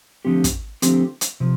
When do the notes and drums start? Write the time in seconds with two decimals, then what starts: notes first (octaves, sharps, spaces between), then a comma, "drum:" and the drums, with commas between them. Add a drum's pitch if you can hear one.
0.25 D3 F3 A3 C4 G4
0.44 drum: kick, hi-hat
0.82 D3 F3 A3 C4 G4, drum: hi-hat
1.21 drum: hi-hat
1.40 C3 F3